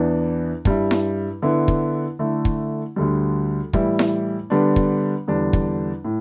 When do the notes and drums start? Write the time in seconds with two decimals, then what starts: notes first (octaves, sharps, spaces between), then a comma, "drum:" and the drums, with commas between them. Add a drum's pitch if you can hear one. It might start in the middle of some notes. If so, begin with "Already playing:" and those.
Already playing: E2 E3 B3 D4
0.65 G2 G3 E4, drum: kick
0.91 drum: snare E4
1.42 D3 B3 E4
1.68 drum: kick
2.19 D3 A3 E4
2.45 drum: kick
2.96 D2 D3 G3
3.73 A2 E3 G3 E4, drum: kick
3.99 drum: snare E4
4.50 D3 G3 B3 D4
4.76 drum: kick
5.28 E2 D3 G3 D4
5.53 drum: kick
6.05 A2